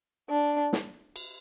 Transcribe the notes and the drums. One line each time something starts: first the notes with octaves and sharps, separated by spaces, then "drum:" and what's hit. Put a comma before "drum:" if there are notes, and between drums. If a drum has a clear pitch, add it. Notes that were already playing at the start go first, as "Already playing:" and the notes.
D4
drum: snare
drum: cymbal